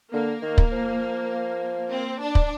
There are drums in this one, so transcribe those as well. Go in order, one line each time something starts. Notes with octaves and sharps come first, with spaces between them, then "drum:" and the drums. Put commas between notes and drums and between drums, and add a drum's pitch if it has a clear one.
D3 A#3
D#3
drum: kick
F3
C4
D4
drum: kick